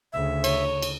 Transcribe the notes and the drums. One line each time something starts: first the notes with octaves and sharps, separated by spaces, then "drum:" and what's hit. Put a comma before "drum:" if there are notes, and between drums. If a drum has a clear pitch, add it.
D2 C#3 E5
C#5, drum: cymbal
drum: cymbal